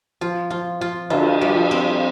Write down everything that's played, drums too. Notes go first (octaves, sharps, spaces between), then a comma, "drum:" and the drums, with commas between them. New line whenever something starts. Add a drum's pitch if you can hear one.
F3 F4
F3 F4
F3 F4
D3 F4, drum: cymbal
G3
F3
C4